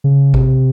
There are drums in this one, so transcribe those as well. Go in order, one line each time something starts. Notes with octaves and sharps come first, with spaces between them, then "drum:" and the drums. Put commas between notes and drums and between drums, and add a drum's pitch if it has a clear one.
C#3
C3, drum: kick A1